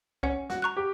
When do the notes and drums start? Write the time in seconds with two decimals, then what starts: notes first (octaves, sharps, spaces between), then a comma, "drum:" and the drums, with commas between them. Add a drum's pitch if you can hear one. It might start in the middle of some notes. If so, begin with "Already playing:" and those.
0.23 C#4 F#5, drum: kick C2
0.50 F#4, drum: snare
0.62 A#5 C#6 F#6
0.77 G4